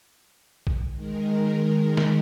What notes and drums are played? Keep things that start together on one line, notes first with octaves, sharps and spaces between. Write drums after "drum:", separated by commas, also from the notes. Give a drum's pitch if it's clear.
drum: kick
D#3 G#3 A#4
drum: snare